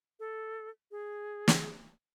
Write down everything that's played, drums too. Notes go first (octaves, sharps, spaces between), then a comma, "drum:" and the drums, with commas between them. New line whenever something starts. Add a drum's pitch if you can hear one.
A4
G#4
drum: snare